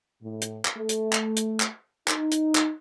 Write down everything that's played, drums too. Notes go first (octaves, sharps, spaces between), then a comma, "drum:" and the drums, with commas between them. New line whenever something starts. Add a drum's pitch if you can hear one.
A2
drum: hi-hat
drum: clap
A3
drum: hi-hat
drum: clap
drum: hi-hat
drum: clap
D#4, drum: clap
drum: hi-hat
drum: clap